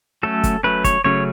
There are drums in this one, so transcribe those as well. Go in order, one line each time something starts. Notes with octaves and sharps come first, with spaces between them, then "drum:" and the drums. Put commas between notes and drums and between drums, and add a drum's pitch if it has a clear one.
F#3 A3 C#4 A4
drum: kick, hi-hat
F#3 A3 C#4 B4
C#5, drum: kick, hi-hat
C#3 F#3 A3 C#4 C#5